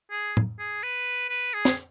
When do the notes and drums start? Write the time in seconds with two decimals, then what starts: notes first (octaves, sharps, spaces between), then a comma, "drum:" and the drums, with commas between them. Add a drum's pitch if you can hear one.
0.11 G#4
0.37 drum: tom A2
0.59 G#4
0.83 B4
1.29 B4
1.54 G#4
1.65 drum: snare